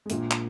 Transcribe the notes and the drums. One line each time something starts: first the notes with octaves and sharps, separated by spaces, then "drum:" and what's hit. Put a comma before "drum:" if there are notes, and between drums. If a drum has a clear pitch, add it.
G#3
A#1 A#2 A#3, drum: hi-hat
drum: clap